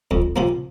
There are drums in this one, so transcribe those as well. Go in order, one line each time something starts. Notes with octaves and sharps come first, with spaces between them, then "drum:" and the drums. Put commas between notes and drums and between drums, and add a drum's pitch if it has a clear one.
F2, drum: kick D2
C3 F3 A#3